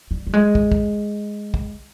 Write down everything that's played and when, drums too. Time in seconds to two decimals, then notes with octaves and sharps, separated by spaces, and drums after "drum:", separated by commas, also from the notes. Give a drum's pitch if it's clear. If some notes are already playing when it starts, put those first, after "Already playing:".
0.11 G3
0.27 G3
0.33 G#3
0.55 drum: kick
0.72 drum: kick
1.54 drum: kick